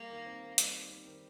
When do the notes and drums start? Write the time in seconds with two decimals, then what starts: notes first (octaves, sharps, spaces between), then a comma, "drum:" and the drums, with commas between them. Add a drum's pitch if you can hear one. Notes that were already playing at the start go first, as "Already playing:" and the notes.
Already playing: G3 A#3
0.10 D#3
0.25 C4
0.42 D#3
0.58 G3, drum: hi-hat
0.74 D#3
0.90 C4
1.06 D#3